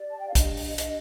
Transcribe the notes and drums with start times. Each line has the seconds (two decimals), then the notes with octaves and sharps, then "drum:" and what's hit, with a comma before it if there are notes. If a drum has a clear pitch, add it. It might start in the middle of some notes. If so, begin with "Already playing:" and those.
Already playing: G4 D5
0.09 A5
0.18 G5
0.27 F5
0.35 D4 D#5, drum: kick, hi-hat
0.57 drum: open hi-hat
0.78 G4, drum: hi-hat